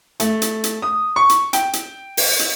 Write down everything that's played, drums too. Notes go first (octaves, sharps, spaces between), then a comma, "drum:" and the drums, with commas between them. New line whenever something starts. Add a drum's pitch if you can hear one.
A3, drum: hi-hat
drum: hi-hat
drum: hi-hat
D#6
C#6
drum: hi-hat
G5, drum: hi-hat
drum: hi-hat
drum: open hi-hat
drum: hi-hat